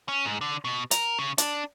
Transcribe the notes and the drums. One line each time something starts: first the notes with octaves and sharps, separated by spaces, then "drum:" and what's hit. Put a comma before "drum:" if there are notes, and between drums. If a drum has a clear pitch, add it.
C#4
G#2
D3
B2
A#4, drum: hi-hat
C#3
D4, drum: hi-hat